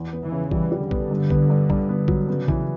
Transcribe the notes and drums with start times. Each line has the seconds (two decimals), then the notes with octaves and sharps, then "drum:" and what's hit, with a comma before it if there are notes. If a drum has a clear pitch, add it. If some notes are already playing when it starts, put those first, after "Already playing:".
Already playing: E2
0.13 B3
0.23 E3
0.32 C#3
0.51 E3 G3, drum: kick
0.72 G3
0.82 D3
0.91 B3, drum: kick
1.11 G2
1.30 B3, drum: kick
1.50 G2
1.70 G2, drum: kick
1.89 B3
2.08 F#3, drum: kick
2.28 C#3 B3
2.48 E3, drum: kick